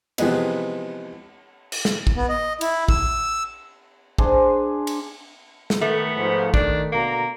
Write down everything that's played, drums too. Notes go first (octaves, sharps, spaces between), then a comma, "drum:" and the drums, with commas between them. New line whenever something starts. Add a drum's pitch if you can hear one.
C3 E3 F3 G#3 B3, drum: cymbal
drum: cymbal
drum: snare
drum: kick
B3
D#5
E4, drum: cymbal
E6, drum: kick
D4 G#4 C5, drum: kick
drum: cymbal
drum: snare
D#3 A3 B3
G#2 F3
D#3 D4, drum: kick
B2 D3 A#3 A#5